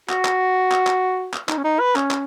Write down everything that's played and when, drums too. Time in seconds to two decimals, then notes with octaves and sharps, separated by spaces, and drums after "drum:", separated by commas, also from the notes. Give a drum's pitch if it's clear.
0.09 F#4, drum: clap
0.25 drum: clap
0.71 drum: clap
0.87 drum: clap
1.33 drum: clap
1.49 D#4, drum: clap
1.58 C#4
1.64 D#4
1.80 B4
1.96 C#4, drum: clap
2.11 drum: clap